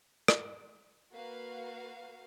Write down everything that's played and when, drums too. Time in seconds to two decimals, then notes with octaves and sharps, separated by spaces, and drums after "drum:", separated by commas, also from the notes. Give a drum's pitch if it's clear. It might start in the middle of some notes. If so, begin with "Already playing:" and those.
0.28 drum: rim click
1.13 A#3 F#4 B4 F5